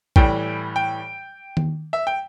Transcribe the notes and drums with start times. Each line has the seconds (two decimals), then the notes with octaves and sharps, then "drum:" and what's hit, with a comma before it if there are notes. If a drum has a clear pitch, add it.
0.16 A2 E3 G3 G5, drum: kick A#1
0.76 G5
1.57 drum: tom D#3
1.93 E5
2.07 G5